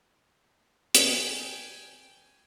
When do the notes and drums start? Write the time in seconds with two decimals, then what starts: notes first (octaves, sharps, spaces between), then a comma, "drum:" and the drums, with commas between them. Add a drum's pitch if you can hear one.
0.95 G5 G#5, drum: hi-hat